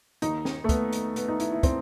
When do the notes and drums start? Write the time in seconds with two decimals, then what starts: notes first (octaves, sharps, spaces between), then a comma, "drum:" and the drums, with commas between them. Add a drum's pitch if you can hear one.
0.22 D#2 D#3 D#4, drum: hi-hat
0.45 drum: snare
0.64 A3
0.69 B3, drum: kick, hi-hat
0.93 drum: hi-hat
1.16 B3, drum: hi-hat
1.28 D#4
1.40 E4, drum: hi-hat
1.52 E4
1.63 C4, drum: kick, hi-hat